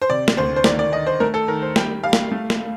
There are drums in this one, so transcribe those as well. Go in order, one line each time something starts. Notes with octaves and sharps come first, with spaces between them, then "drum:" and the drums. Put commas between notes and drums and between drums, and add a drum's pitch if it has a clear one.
C5
C3 D5
drum: snare
D2 C5
C5
D#3 D5, drum: snare
D5
D#3 D#5
C5
A3 A#4
A4
D#3 A#4
C5
G3 G5, drum: snare
G3 F5
drum: snare
A3
drum: snare